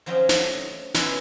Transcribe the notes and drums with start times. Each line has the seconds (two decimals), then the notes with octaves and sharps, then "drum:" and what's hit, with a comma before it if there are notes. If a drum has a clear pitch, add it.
0.06 F3 F#3 C4 C#4 D#4
0.29 F#3 A3 D#4 D#5, drum: snare
0.94 G#3 B3 C#4 D#4 E4, drum: snare